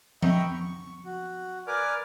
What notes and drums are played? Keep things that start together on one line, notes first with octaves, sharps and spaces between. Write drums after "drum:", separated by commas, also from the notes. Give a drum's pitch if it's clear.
D#5 E5 G5 A#5 B5 C#6, drum: tom F3
C#6
F#4
A#4 B4 D5 G#5 D6 F6